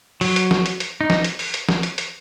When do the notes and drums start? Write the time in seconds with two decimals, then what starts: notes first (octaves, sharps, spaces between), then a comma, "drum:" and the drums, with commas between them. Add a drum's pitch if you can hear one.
0.21 F#3, drum: open hi-hat
0.36 drum: hi-hat
0.51 drum: snare
0.66 drum: hi-hat
0.80 drum: hi-hat
1.01 D#4
1.10 drum: snare
1.24 drum: hi-hat
1.39 drum: open hi-hat
1.54 drum: hi-hat
1.69 drum: snare
1.83 drum: hi-hat
1.98 drum: hi-hat